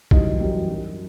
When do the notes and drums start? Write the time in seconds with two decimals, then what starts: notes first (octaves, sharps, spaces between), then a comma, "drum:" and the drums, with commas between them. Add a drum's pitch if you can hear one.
0.11 F#2 E3 G3 D#4, drum: kick B1
0.40 F#2 E3 G3
0.69 F#2 F#3